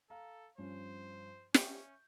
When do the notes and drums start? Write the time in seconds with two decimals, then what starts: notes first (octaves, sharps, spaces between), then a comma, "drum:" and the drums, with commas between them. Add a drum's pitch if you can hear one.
0.10 A4 F5 A#5
0.58 G2 F3 C#4 C5
1.54 C#4 E5 C#6 G6, drum: snare